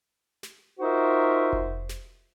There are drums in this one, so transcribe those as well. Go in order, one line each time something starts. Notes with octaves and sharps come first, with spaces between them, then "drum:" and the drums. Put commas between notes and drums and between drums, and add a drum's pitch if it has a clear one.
drum: snare
D#4 F4 F#4 A#4 C5 E5
drum: kick F1
drum: snare